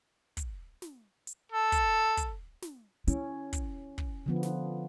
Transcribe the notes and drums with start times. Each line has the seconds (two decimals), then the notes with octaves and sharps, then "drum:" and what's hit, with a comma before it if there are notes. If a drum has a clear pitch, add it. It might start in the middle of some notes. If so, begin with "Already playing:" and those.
0.37 drum: kick, hi-hat
0.82 drum: snare
1.27 drum: hi-hat
1.52 A4
1.72 drum: kick, hi-hat
2.17 drum: kick, hi-hat
2.62 drum: snare
3.07 C#4 E4, drum: hi-hat
3.53 drum: kick, hi-hat
3.98 drum: kick
4.26 D3 F3 B3
4.43 drum: snare